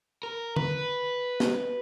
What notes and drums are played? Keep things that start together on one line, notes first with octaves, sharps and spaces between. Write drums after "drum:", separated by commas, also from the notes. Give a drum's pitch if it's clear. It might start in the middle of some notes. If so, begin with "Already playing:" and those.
A#4
B4, drum: tom
drum: snare